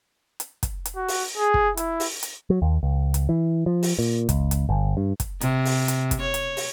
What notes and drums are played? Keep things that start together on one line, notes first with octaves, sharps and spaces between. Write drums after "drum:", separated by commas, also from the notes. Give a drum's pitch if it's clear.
drum: hi-hat
drum: kick, hi-hat
drum: hi-hat
F#4
drum: open hi-hat
G#4
drum: kick
E4, drum: hi-hat
drum: open hi-hat
drum: hi-hat
F#3
D#2
C#2
drum: hi-hat
E3
F3
drum: open hi-hat
A#2
C#2, drum: kick, hi-hat
drum: hi-hat
G1
G2
drum: kick, hi-hat
C3, drum: hi-hat
drum: open hi-hat
drum: hi-hat
drum: kick, hi-hat
C#5
drum: hi-hat
drum: open hi-hat